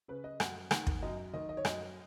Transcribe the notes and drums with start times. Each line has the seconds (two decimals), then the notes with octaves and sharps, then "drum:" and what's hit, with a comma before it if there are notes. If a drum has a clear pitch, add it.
0.08 C#3 B4
0.24 D#5
0.40 F#2 F#5, drum: rim click
0.71 D#3 F#5, drum: rim click
0.87 drum: kick
1.02 F#2 D#5
1.33 D#3 D#5
1.49 D#5
1.57 C#5
1.65 F#2 D#5, drum: rim click